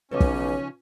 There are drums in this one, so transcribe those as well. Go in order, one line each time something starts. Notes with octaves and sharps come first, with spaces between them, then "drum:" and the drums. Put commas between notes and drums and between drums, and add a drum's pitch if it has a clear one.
B1 C#3 F3 C#4 D#4 B4 D6
drum: kick